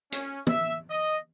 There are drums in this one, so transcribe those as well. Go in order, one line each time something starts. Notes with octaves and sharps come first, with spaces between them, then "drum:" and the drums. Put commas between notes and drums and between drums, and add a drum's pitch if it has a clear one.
C#4, drum: hi-hat
E5, drum: tom
D#5